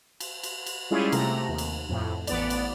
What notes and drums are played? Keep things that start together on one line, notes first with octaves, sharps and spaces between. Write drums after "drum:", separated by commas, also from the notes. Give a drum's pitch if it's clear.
drum: cymbal
drum: cymbal
drum: cymbal
G3 G#3 C#4 E4 F4 G#4
C3 A3 A#5, drum: cymbal
D#2
drum: cymbal
F2 A2
A1 B3 D5, drum: cymbal
drum: cymbal